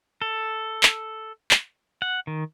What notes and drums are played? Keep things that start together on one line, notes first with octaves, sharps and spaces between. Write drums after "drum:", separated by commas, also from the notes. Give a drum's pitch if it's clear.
A4
drum: clap
drum: clap
F#5
D#3